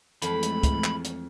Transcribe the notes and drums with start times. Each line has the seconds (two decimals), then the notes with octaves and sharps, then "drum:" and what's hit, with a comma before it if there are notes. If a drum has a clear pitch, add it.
0.22 F2 E3 G#3 A3 B5, drum: hi-hat
0.43 drum: hi-hat
0.63 drum: kick C#2, hi-hat
0.84 drum: clap
1.05 drum: hi-hat